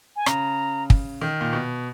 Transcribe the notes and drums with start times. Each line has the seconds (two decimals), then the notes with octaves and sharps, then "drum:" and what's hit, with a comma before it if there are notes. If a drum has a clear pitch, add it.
0.16 G#5
0.26 C#3 A#5, drum: rim click
0.90 drum: kick
1.21 D#3
1.41 A#2
1.53 B2